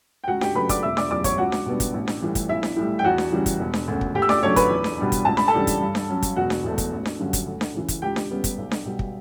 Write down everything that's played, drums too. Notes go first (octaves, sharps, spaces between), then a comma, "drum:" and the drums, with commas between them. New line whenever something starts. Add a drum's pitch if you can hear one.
G5
C#2 F#4 F#5
G4 G5, drum: snare D4
C#3 F#3 A3 D4 B4 B5
D5 D6, drum: kick, hi-hat
E1 E5 E6
D5 D6, drum: snare D4
E2 C#3 F#3 D5 D6
C#5 C#6, drum: kick, hi-hat
C#2 F#4 F#5
drum: snare D4
B2 G3 B3 D4
drum: kick, hi-hat
A1
drum: snare D4
A2 E3 G3
drum: kick, hi-hat
B1 E4 E5
drum: snare D4
A2 G3
G5
E2 F#4 F#5
drum: snare D4
C#3 E3 G3
drum: kick, hi-hat
E1
drum: snare D4
D2 C#3
drum: kick
D2 G4 G5
E6
D5 D6, drum: snare D4
C#3 F#3 A3 D4 C#5 C#6
B4 B5, drum: kick, hi-hat
E2
drum: snare D4
B2 G3 D4
drum: kick, hi-hat
C#2 A5
B5, drum: snare D4
A4 A5
C#3 E3 G3 D4
drum: kick, hi-hat
G2
drum: snare D4
F#3 C#4
drum: kick, hi-hat
E1 F#4 F#5
drum: snare D4
E2 B2 A3
drum: kick, hi-hat
A1
drum: snare D4
G2 D3 F#3 C#4
drum: kick, hi-hat
D2
drum: snare D4
C#3 E3
drum: kick, hi-hat
C#2 G4 G5
drum: snare D4
C#3 G3 B3
drum: kick, hi-hat
B1
drum: snare D4
B2 G3
drum: kick